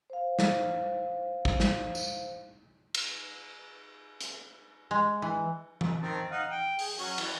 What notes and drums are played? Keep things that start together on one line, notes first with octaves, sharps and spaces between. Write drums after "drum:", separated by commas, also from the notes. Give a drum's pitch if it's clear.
C5 F5
drum: snare
drum: kick
drum: snare
drum: tambourine
drum: cymbal
drum: hi-hat
G#3
E3
drum: tom E3
D#3 C4 A5
D#4 F5 F#5
G5
G#4, drum: open hi-hat
F#3 C#4 F#4, drum: open hi-hat
E3, drum: cymbal